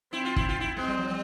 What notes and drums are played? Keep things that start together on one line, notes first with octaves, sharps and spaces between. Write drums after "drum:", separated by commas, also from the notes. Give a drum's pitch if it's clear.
C4 E4
F4
E4, drum: kick
F4
E4
G#3 C4
G3
F3
G3